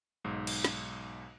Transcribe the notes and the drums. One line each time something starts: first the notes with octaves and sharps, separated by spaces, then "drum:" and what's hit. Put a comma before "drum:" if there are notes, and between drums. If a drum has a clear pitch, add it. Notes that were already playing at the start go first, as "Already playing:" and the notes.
B1 G#2
drum: cymbal
drum: snare